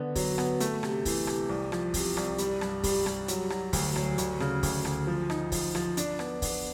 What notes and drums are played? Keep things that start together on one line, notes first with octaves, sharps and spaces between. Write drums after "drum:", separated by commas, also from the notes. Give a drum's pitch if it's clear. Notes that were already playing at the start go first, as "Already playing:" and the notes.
Already playing: D3 B3
F#3, drum: kick, open hi-hat
B3, drum: rim click
A3, drum: hi-hat
C3, drum: rim click
E3, drum: kick, open hi-hat
C3, drum: rim click
C2
F3, drum: rim click
C3, drum: kick, open hi-hat
C2, drum: rim click
G3, drum: hi-hat
G2, drum: rim click
G3, drum: kick, open hi-hat
G3, drum: rim click
F#3, drum: hi-hat
F#3, drum: rim click
D2, drum: kick, open hi-hat
F#3, drum: rim click
D2, drum: hi-hat
C#3, drum: rim click
D2, drum: kick, open hi-hat
D2, drum: rim click
F3
D#4, drum: rim click
F3, drum: kick, open hi-hat
F3, drum: rim click
D4, drum: hi-hat
B3, drum: rim click
B3, drum: kick, open hi-hat